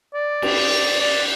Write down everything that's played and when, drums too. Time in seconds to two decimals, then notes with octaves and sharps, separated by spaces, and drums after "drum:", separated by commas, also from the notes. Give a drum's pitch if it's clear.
0.14 D5
0.42 drum: cymbal
1.01 D5